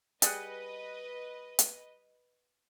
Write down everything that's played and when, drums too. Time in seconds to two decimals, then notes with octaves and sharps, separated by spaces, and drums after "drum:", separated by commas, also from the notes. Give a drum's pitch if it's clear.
0.22 G3 G#4 B4 D#5 F#5, drum: hi-hat
1.59 drum: hi-hat